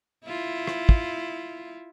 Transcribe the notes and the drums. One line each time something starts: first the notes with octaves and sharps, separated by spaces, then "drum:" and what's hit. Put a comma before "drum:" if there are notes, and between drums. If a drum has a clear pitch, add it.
E4 F4
drum: rim click
drum: kick